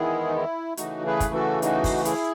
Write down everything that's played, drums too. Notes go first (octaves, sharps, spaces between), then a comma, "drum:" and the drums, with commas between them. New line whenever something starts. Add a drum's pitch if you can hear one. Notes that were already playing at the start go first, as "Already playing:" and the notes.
Already playing: E2 D#3 G#3 B3 E4 G#4
D#4
E4
C#3 E3 A3 D#4 F#4, drum: hi-hat
G#4 B4
drum: kick, hi-hat
F#4 A4
D#4 F#4, drum: hi-hat
drum: kick, open hi-hat
E4 G#4, drum: hi-hat